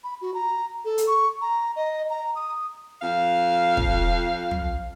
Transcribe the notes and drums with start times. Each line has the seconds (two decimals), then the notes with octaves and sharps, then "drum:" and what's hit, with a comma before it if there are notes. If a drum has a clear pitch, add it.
0.04 B5
0.21 F#4
0.34 A#5
0.85 A4
0.98 drum: hi-hat
1.07 C#6
1.41 A#5
1.76 D#5
2.10 A#5
2.36 D#6
3.02 F2 F5
3.77 drum: kick
4.51 drum: tom